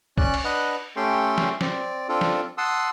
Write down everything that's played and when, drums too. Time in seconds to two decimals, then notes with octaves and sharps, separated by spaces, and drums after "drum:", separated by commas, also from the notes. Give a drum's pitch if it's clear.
0.18 C#4 D5 F#6, drum: kick
0.34 drum: cymbal
0.45 D4 B4 D#5 F#5 F#6
0.96 A3 C#4 G4 A4 G5 C6
1.38 drum: snare
1.61 C4 D5, drum: snare
2.09 C4 D4 F4 A4
2.21 drum: snare
2.58 F#5 A5 C6 D#6 E6